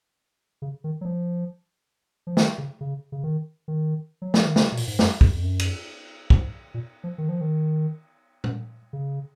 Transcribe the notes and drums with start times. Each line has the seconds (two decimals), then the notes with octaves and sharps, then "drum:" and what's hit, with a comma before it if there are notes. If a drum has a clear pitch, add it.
0.62 C#3
0.84 D#3
1.01 F#3
1.05 F3
2.27 F3
2.37 D#3, drum: snare
2.58 C#3
2.81 C#3
3.12 C#3
3.24 D#3
3.68 D#3
4.22 F#3
4.34 F3, drum: snare
4.45 D#3
4.56 C#3, drum: snare
4.72 B2
4.77 A#2, drum: open hi-hat
4.88 G#2
4.99 F#2, drum: snare
5.21 F2, drum: kick
5.35 F2
5.43 F#2
5.59 drum: cymbal
6.30 G#2, drum: kick
6.74 A#2
7.04 F3
7.18 D#3
7.29 F3
7.41 D#3
8.44 drum: tom
8.93 C#3